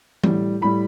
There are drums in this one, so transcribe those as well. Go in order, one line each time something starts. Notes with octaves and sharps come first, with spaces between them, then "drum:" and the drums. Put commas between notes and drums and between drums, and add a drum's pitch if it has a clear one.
A2 G3, drum: tom E3
A2 G3 B5